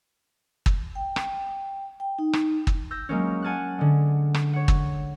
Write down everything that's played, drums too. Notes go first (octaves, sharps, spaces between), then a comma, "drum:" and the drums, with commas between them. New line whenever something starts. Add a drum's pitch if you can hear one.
drum: kick
G5
drum: rim click
G5
D#4
drum: rim click
drum: kick
E6 G6 A#6
F#3 G#3 A#3 C#4
F#5 G#5 A5 F6 F#6
D3 G#3
drum: rim click
C#5 F#5
drum: kick